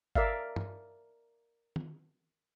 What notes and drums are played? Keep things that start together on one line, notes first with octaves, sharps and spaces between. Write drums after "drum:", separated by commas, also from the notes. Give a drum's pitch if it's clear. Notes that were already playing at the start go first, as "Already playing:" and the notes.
A#4 D5 E5 F5, drum: kick G1
drum: tom
drum: tom